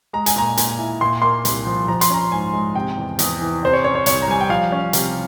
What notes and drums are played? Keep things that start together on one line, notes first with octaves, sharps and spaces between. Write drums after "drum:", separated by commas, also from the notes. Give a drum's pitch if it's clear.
G#3 A#5
G#5, drum: hi-hat
A#2 A#5
A#2 G#5, drum: hi-hat
E4
A#2 C6
A#3 C6
C2, drum: hi-hat
F3
F3 A#5
C6, drum: hi-hat
C#4 A#5
G#2 G#5
G#3
C3 G5
E2
E2, drum: hi-hat
E3
C3 C5
C#5
C#4 C#5
C#5
C2 C#5, drum: hi-hat
A#5
G3 G#5
G5
F3 F5
C#4
C3, drum: hi-hat